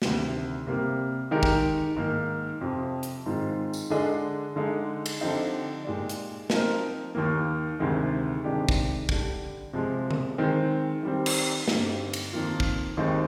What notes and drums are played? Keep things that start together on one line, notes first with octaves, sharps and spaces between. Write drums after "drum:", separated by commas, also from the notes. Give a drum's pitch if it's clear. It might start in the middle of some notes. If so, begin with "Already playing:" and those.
D2 C3 D#3 G3, drum: snare
C3 G3 A#3
D#3 G#3 D#4 G4 A#4
drum: kick
G#2 D#3 A#3
F2 C3 F3 C4 G4
drum: hi-hat
G#2 D#3 G#3 C4 F4
drum: tambourine
D3 G#3 D4 G#4 D#5
D3 G#3 D#4
drum: cymbal
D3 F3 C4 D#4 G4
A#2 G#3 D#4 G4 D5
drum: hi-hat
F3 C4 D#4 A#4, drum: snare
D#2 D#3 A#3
D2 C3 D#3 G#3
C3 D#3 G#3 D4 G4
drum: kick
D3 G3 D4, drum: kick
C3 F3 G#3
drum: tom D3
D#3 G#3 C4
D#3 G3 C4
drum: cymbal
G2 D3 G3 C4 D#4, drum: snare
drum: cymbal
F2 D#3 A#3 F4
drum: kick
D#2 D#3 G#3 C4 D#4